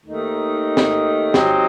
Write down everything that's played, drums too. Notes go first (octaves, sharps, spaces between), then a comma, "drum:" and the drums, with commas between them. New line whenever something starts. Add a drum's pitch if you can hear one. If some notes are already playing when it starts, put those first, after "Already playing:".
D#2 D#3 A3 D#4
drum: snare
F#3 C4 D#4 G4 D#5, drum: snare